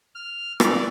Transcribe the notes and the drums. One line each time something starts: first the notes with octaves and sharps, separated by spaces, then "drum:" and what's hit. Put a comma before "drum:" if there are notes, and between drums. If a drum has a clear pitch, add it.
F6
D5, drum: rim click